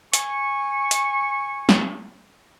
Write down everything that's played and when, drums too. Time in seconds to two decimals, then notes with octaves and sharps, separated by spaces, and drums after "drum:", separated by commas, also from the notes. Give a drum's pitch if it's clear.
0.13 G#5 C#6, drum: hi-hat
0.91 drum: hi-hat
1.69 drum: snare